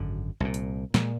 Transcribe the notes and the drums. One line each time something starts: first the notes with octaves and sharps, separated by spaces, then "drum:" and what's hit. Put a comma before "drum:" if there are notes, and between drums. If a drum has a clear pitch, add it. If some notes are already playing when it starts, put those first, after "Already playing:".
Already playing: G#1 F#2 D3
C2 A#2
drum: hi-hat
A#2 G#3, drum: snare